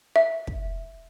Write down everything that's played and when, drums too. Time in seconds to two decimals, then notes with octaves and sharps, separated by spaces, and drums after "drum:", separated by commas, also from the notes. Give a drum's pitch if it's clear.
0.16 E5
0.47 drum: kick